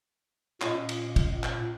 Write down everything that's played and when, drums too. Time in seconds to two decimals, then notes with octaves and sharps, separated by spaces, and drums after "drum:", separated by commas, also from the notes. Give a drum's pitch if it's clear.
0.62 A#2 C#4 F4 D#5, drum: clap
0.89 drum: cymbal
1.16 drum: kick, cymbal
1.44 drum: clap